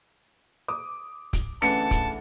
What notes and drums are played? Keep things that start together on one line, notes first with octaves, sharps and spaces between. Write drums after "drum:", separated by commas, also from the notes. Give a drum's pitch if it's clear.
D6 D#6
drum: kick, hi-hat
E2 D3 E3 A3 C#4 A5 C#7
drum: kick, hi-hat